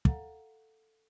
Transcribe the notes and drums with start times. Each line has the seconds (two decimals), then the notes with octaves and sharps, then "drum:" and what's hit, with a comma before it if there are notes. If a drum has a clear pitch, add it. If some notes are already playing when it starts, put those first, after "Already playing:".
0.05 A4 F5 F#5 A#5, drum: kick